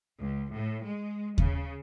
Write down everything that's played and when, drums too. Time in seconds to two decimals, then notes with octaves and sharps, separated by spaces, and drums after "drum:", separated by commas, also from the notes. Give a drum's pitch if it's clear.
0.19 C#2
0.52 A2
0.85 G#3
1.38 C#3, drum: kick D#2